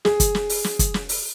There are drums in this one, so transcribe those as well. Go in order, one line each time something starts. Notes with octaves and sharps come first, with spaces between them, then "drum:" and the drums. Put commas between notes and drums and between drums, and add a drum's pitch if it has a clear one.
G#4, drum: snare
drum: kick, hi-hat
drum: snare
drum: open hi-hat
drum: snare
drum: kick, hi-hat
drum: snare
drum: open hi-hat